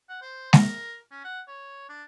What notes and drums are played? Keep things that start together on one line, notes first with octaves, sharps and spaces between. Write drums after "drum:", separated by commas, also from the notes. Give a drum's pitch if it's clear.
F#5
C5
A#4, drum: snare G#3
C#4
F#5
C#5
D4